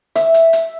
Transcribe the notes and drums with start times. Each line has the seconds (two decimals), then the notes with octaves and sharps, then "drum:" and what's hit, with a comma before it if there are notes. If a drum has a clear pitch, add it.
0.15 E5, drum: hi-hat
0.34 drum: hi-hat
0.53 drum: hi-hat